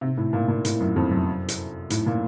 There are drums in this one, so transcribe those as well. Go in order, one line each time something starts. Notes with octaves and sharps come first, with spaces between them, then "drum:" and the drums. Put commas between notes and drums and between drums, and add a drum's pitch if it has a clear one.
C3
A2
A#2
A#2
A2, drum: hi-hat
F#2
F2
F#2
drum: hi-hat
A2, drum: hi-hat
A#2